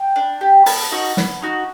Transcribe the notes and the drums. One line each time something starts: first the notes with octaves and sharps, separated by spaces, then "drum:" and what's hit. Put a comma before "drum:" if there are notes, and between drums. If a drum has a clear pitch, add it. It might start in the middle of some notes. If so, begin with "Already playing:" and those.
Already playing: G5
D4
G4
B3 A5, drum: open hi-hat
D#4 F#4
B3, drum: snare
D#4 F#4